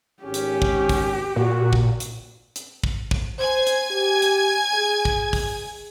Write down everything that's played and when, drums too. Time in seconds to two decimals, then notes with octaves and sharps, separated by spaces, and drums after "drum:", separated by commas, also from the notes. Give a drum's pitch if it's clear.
0.23 G#1 C#4 G4
0.34 drum: hi-hat
0.62 drum: kick
0.89 drum: kick, open hi-hat
1.36 A#2 F#4
1.73 drum: kick
2.00 drum: hi-hat
2.56 drum: hi-hat
2.84 drum: kick
3.11 drum: kick
3.39 C5 G#5 G#6
3.67 drum: hi-hat
3.91 G4
4.22 drum: hi-hat
4.74 G#4
5.05 drum: kick
5.33 drum: kick, open hi-hat